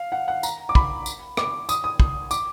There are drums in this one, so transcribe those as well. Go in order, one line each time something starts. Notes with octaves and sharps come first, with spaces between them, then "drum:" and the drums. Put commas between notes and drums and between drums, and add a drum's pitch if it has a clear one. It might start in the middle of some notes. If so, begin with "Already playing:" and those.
Already playing: F5
F#5
F#5
A#5, drum: tambourine
D6
B5, drum: kick
drum: tambourine
D6, drum: rim click
D#6, drum: tambourine
D#6
drum: kick
D6, drum: tambourine